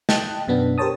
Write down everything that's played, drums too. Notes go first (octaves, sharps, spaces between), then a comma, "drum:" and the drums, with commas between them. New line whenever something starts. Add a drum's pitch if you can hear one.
D#5 G5 A5 F#6, drum: snare
F#2 B2 B3 D4
G4 A#4 C5 C#5 A5 D#6